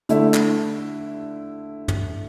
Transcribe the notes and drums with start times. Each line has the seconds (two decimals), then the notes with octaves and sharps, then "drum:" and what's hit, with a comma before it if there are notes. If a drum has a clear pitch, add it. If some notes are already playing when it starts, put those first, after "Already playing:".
0.09 D3 A3 E4, drum: hi-hat
0.34 drum: clap
1.88 drum: tom